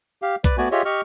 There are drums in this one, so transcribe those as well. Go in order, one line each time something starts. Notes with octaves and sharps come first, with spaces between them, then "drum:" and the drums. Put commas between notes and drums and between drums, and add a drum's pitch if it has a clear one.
G4 F5
B4 D5, drum: kick B1, hi-hat
A3 B3 F#4 D5 G#5
F4 G4 G#4 C#5 D#5 E5
G4 D#5 C#6 F6